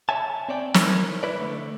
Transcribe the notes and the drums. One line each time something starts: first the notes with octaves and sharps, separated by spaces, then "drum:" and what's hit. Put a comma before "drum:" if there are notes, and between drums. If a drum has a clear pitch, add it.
C#5 E5 G#5 A5
C4 C#5 D5 G5
D#4 E4 A#4 C#5, drum: snare
E4 B4 D5
D3 A3